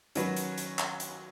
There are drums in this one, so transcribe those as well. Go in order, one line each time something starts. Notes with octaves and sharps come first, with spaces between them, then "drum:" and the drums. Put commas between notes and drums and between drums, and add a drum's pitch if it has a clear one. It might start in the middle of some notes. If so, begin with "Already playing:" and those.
D#3 F#3 C#4 F#4 B4, drum: hi-hat
drum: hi-hat
drum: hi-hat
drum: clap
drum: hi-hat